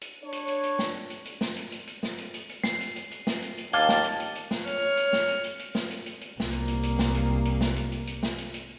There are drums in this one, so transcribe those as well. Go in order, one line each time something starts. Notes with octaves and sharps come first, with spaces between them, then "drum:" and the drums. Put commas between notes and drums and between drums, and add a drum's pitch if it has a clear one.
drum: hi-hat
D4 C#5
drum: hi-hat
drum: hi-hat
drum: hi-hat
drum: snare
drum: hi-hat
drum: hi-hat
drum: snare
drum: hi-hat
drum: hi-hat
drum: hi-hat
drum: snare
drum: hi-hat
drum: hi-hat
drum: hi-hat
C7, drum: snare
drum: hi-hat
drum: hi-hat
drum: hi-hat
drum: snare
drum: hi-hat
drum: hi-hat
D#2 F5 A5 D6 G#6 G7, drum: hi-hat
drum: snare
drum: hi-hat
drum: hi-hat
drum: hi-hat
drum: snare
C#5 F6, drum: hi-hat
drum: hi-hat
drum: snare
drum: hi-hat
drum: hi-hat
drum: hi-hat
drum: snare
drum: hi-hat
drum: hi-hat
drum: hi-hat
C2 A#3, drum: snare
drum: hi-hat
drum: hi-hat
drum: hi-hat
drum: snare
drum: hi-hat
drum: hi-hat
drum: snare
drum: hi-hat
drum: hi-hat
drum: hi-hat
drum: snare
drum: hi-hat
drum: hi-hat